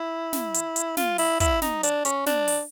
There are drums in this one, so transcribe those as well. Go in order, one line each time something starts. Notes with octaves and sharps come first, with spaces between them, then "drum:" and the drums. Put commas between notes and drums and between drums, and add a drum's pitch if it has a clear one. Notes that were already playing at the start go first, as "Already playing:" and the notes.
Already playing: E4
drum: snare
drum: hi-hat
drum: hi-hat
F4, drum: snare
E4, drum: open hi-hat
E4, drum: kick, hi-hat
D#4, drum: snare
D4, drum: hi-hat
C#4, drum: hi-hat
D4, drum: snare
drum: open hi-hat